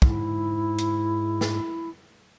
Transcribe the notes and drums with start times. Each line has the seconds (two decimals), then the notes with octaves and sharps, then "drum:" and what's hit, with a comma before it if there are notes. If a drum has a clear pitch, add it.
0.02 G#2 E4, drum: kick
0.78 drum: hi-hat
1.41 drum: snare